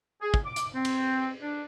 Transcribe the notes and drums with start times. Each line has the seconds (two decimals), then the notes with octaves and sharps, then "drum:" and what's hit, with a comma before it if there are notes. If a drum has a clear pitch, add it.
0.21 G#4
0.34 drum: kick
0.45 D6
0.56 drum: hi-hat
0.74 C4
0.85 drum: cymbal
1.41 D4